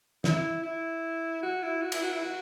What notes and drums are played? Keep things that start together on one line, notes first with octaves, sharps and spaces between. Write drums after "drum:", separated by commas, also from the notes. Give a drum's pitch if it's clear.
E4, drum: snare
E4
F#4
E4
F#4
E4, drum: cymbal
F#4
E4
F#4